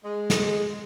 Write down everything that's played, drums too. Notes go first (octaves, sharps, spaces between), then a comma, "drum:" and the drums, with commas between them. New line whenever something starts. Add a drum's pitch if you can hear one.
G#3
drum: snare